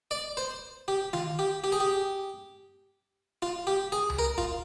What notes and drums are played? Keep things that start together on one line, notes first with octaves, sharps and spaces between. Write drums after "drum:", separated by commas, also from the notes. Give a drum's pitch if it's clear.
D5
C5
G4
F4, drum: tom D#3
G4
G4
G#4
G4
F4
G4
G#4
drum: tom C#2
A#4
F4, drum: kick